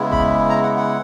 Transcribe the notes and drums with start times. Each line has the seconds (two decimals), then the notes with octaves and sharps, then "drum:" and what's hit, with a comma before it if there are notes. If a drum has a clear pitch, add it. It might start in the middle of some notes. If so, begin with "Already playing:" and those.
Already playing: C#3 G#3 B3 E4
0.12 B5, drum: kick F1
0.49 A#5
0.63 F#5
0.77 F#5